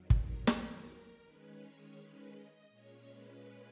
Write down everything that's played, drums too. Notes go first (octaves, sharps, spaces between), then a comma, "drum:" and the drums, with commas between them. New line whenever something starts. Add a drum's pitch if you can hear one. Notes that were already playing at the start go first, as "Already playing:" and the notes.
Already playing: F2 D#3 F#3
A#4, drum: kick
A#4, drum: snare
D#3 G#3 C#4 B4
C#5
B4
D#5
A#2 G#3 C#4 C#5
B4